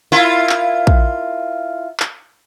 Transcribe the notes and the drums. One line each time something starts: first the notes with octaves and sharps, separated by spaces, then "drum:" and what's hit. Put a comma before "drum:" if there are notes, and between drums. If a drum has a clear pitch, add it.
E4 F4 A#4
drum: clap
drum: kick
drum: clap